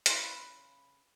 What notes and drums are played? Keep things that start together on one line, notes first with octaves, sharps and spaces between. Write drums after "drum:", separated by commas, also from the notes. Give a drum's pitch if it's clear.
C#3 E4 B4 C6, drum: hi-hat